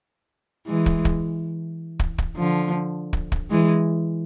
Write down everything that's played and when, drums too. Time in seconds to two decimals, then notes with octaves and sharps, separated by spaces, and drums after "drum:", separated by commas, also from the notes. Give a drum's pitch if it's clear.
0.67 E3 G#3
0.86 drum: kick
1.05 drum: kick
1.99 drum: kick
2.18 drum: kick
2.37 D3 F3
3.13 drum: kick
3.32 drum: kick
3.51 E3 G#3